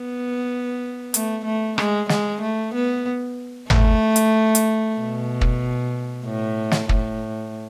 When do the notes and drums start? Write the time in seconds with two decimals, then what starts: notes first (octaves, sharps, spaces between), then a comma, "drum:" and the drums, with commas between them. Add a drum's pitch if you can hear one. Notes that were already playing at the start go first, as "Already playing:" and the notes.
Already playing: B3
1.14 A3, drum: hi-hat
1.45 A3
1.78 G#3, drum: rim click
2.09 G#3, drum: snare
2.41 A3
2.74 B3
3.70 A3, drum: tom G#1
4.16 drum: hi-hat
4.55 drum: hi-hat
4.97 B2
5.41 drum: kick
6.25 A2
6.71 drum: snare
6.89 A2, drum: kick